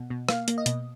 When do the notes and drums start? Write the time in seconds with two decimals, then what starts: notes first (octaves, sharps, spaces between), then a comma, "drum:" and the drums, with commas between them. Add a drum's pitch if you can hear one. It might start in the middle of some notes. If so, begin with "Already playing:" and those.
Already playing: B2
0.10 B2
0.29 A#3 F5, drum: rim click
0.48 A#3, drum: hi-hat
0.58 D#5
0.66 B2, drum: hi-hat